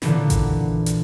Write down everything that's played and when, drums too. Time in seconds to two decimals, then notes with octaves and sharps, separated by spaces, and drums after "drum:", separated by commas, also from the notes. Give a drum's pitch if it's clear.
0.02 A#2 D3 E3 B3, drum: snare
0.30 drum: kick A1, hi-hat
0.86 drum: hi-hat